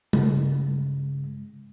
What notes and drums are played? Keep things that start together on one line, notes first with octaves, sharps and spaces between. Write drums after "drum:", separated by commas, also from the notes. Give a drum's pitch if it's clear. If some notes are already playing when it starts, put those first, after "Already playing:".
G2 C#3 G#3, drum: tom G3